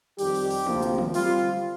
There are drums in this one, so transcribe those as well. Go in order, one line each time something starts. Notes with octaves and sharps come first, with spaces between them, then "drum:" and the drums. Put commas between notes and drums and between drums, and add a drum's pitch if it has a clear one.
F2 D#3 G3 G4, drum: open hi-hat
drum: open hi-hat
drum: open hi-hat
D2 C3 F3 A#3, drum: tom G#3
drum: hi-hat
drum: tom
G3 C4 F4, drum: open hi-hat